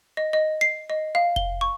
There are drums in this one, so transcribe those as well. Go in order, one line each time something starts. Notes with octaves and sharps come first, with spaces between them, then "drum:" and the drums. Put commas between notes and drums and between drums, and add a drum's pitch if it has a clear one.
D#5
D#5
C7
D#5
F5
G7, drum: kick F1
C#6